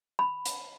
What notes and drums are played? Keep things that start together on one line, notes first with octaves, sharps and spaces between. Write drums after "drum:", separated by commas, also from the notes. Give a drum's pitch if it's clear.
B5
drum: hi-hat